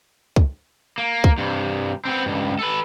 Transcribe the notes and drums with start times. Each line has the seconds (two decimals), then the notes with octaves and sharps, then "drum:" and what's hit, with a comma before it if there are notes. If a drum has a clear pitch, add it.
0.36 drum: kick
0.98 A#3
1.24 drum: kick
1.38 G2 C3
2.05 B3 C4
2.26 C#2 G2
2.59 A4 B4